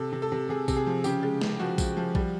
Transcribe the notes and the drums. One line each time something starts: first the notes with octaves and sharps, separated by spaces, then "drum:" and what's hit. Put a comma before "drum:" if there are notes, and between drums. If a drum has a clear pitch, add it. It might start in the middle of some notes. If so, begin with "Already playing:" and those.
Already playing: C3 A4
C3
A4
C3
C3 G#4
C3, drum: kick A#1, tambourine
G#4
F3
C#3 G4, drum: tambourine
G#3
C#3, drum: snare
F3 F#4
F3, drum: kick A#1, tambourine
F3
G3, drum: kick A#1